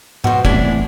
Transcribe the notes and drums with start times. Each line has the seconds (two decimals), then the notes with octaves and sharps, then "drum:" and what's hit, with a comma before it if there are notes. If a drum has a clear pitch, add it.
0.24 B2 F#4 C5, drum: tom G#2
0.45 E2 A2 C3 D4 E4 G#5, drum: kick